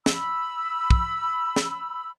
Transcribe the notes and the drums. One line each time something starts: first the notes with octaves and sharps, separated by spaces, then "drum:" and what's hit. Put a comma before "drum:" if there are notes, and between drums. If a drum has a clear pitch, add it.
B5 E6, drum: snare
drum: kick
drum: snare